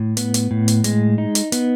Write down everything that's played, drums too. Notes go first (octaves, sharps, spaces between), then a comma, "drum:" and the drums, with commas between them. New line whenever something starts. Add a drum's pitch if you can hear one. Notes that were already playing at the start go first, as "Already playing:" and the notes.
Already playing: A2
B3, drum: hi-hat
drum: hi-hat
A2
drum: hi-hat
G#3, drum: hi-hat
D#4
drum: hi-hat
B3, drum: hi-hat